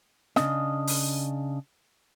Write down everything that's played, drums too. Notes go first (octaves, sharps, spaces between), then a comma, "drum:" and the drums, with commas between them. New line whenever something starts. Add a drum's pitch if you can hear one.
C#3 D4 D#5, drum: snare
drum: open hi-hat